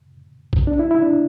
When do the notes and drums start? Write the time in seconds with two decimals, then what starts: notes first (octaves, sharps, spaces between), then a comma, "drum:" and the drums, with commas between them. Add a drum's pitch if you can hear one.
0.53 drum: kick A#1
0.67 D4
0.79 E4
0.91 E4
1.02 D4